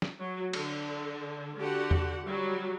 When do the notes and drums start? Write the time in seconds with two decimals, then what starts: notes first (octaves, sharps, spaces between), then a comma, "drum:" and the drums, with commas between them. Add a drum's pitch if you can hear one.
0.02 drum: snare
0.20 F#3
0.53 D3, drum: cymbal
1.58 D3 F#4 G4 F#5
1.91 drum: tom E2
2.25 F#3 G3